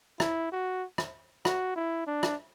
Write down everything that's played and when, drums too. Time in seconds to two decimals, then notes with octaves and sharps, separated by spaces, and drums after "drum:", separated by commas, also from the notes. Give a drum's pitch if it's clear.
0.20 E4, drum: rim click
0.52 F#4
0.98 drum: rim click
1.45 F#4, drum: rim click
1.76 E4
2.07 D4
2.23 drum: rim click